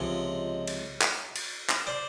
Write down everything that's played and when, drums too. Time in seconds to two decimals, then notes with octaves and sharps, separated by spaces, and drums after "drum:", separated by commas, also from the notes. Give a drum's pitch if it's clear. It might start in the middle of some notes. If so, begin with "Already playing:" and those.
Already playing: C#2 C3 F3 G#3 C#5 D#5
0.67 drum: cymbal
1.02 drum: clap
1.36 drum: cymbal
1.70 drum: clap
1.87 C5 D5